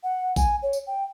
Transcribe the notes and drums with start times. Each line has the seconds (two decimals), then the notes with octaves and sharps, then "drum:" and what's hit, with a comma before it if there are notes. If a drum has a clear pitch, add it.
0.04 F#5
0.36 G#5, drum: kick A1, tambourine
0.63 C#5
0.73 drum: tambourine
0.87 G5